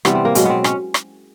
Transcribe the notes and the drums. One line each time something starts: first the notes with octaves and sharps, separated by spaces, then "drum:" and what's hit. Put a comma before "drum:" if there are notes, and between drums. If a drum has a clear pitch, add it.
C3 E3 G3 B3, drum: rim click
C4
A#3
B2 F#3 G#3, drum: hi-hat
B3 C4
C#4, drum: rim click
drum: rim click